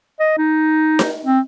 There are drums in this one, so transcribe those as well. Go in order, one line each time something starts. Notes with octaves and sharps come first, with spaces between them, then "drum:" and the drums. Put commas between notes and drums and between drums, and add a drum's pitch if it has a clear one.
D#5
D#4
drum: snare D#4
C4